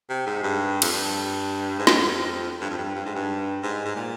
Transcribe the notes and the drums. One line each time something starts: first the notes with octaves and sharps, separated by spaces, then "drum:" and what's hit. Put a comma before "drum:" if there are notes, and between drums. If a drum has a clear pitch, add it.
C3
G#2
G2
F2, drum: cymbal
G2
G#2
G2, drum: snare
F2
G2
F2
G2
G2
G#2
G2
G#2
G#2
A#2